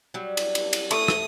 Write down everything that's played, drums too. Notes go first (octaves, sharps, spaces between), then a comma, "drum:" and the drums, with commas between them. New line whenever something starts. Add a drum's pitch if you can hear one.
F#3 G3
drum: cymbal
drum: cymbal
drum: cymbal
A3 D#6, drum: cymbal
drum: rim click